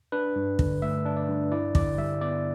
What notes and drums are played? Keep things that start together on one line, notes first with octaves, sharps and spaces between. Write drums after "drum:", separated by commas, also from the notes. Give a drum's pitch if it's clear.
D4 B4
G2
D3, drum: kick
A3 E5
D4
D5
G2
E4 D5
D3 D5, drum: kick
G3 E5
B3 D5